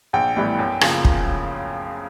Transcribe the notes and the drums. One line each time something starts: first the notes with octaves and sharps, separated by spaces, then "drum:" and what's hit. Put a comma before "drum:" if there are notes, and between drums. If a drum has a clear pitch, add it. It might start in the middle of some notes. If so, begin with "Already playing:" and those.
A#1 G5
A2 E3 G3 B3
F#2
C#3 F3 A#3, drum: rim click
drum: kick